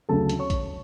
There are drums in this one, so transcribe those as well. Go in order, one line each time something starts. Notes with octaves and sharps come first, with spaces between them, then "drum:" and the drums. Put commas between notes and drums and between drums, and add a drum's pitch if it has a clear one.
D2 C#3 F#3 A4 A5
drum: hi-hat
C#5 C#6
drum: kick A#1, hi-hat